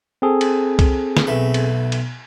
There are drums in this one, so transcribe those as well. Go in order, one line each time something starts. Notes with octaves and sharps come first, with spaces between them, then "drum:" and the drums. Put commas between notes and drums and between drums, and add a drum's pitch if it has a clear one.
C4 G#4 A4
drum: cymbal
drum: kick C2, cymbal
drum: snare
B1 A3 B4
drum: cymbal
drum: cymbal